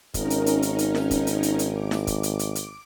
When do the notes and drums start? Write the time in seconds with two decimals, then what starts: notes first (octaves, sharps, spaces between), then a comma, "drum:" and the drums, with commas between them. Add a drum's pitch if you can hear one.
0.14 G#1 C#4 D#4 A#4, drum: kick, hi-hat
0.30 drum: hi-hat
0.46 drum: hi-hat
0.62 drum: hi-hat
0.79 drum: hi-hat
0.95 drum: snare E4
1.11 drum: kick, hi-hat
1.27 drum: hi-hat
1.43 drum: hi-hat
1.59 drum: hi-hat
1.72 D6
1.91 drum: snare E4
2.07 drum: kick, hi-hat
2.23 drum: hi-hat
2.39 drum: hi-hat
2.55 drum: hi-hat